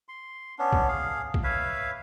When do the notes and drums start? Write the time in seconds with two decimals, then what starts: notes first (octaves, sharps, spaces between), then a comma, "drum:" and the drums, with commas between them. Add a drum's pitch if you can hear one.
0.09 C6
0.59 B3 C#4 D4
0.73 drum: kick
0.88 G#4 F5
1.34 drum: kick
1.44 B4 C#5 E5 F5